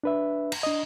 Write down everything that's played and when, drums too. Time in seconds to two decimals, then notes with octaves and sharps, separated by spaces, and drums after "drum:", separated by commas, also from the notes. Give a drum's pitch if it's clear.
0.04 D4 B4 E5
0.52 drum: cymbal
0.63 D4 D#5